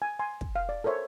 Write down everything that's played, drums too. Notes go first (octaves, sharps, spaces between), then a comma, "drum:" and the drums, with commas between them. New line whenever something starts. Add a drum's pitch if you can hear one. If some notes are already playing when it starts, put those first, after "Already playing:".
G#5
G#5 C6
drum: kick
F5
D5
A4 A#4 C5 C#5 E5